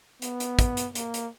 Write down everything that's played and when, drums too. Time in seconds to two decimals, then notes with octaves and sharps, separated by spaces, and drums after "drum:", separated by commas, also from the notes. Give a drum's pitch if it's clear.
0.22 B3, drum: hi-hat
0.40 drum: hi-hat
0.59 drum: kick, hi-hat
0.77 drum: hi-hat
0.95 A#3, drum: hi-hat
1.14 drum: hi-hat